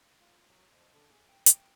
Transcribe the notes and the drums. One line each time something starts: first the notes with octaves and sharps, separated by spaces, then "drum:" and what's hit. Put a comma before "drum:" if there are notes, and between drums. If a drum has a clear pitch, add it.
F4
F#3
F2
D3
G#4
G5
G5, drum: hi-hat